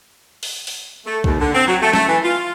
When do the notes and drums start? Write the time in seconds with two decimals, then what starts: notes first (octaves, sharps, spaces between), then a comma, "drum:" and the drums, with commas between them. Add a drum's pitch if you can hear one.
0.43 drum: open hi-hat
0.67 drum: open hi-hat
1.06 A3
1.24 D#2, drum: kick C2
1.40 D3
1.55 C4
1.67 F#3
1.82 A3
1.93 A3, drum: snare
2.08 E3
2.24 F4